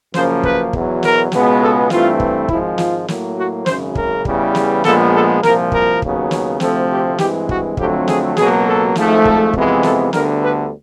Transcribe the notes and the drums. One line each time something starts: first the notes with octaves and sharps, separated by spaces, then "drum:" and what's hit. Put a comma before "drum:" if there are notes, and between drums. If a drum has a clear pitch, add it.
F#2 C#3 F3 A#3 C5, drum: snare
B4, drum: kick
E2 B2 F#3, drum: kick
A#4, drum: snare
C#2 B2 G#3 B3, drum: snare
A4
G2 E3 A3 C4 F4, drum: snare
drum: kick
G#1 G#2 F3 G#3 E4, drum: kick
F4, drum: snare
A2 F#3 A#3, drum: snare
F#4
G#1 F#2 C#3 C5, drum: snare
A#4, drum: kick
E2 C#3 E3 G3, drum: kick
drum: snare
A#1 A#2 F3 G#3 B3 A4, drum: snare
A4
C2 A#2 F3 A#4, drum: snare
A#4, drum: kick
D#2 C#3 F#3 B3, drum: kick
drum: snare
D2 C3 F3 A3 C4 A4, drum: snare
G4
G2 E3 G#3 C4 G4, drum: snare
F#4, drum: kick
F2 D3 F#3 A3 C4 G4, drum: kick
G#4, drum: snare
C#2 B2 F#3 A#3 G#4, drum: snare
A4
G#1 G#2 F3 A3, drum: snare
A4, drum: kick
F2 C3 E3 G#3 B3, drum: kick
A4, drum: snare
D2 D3 G3 B3 A#4, drum: snare
B4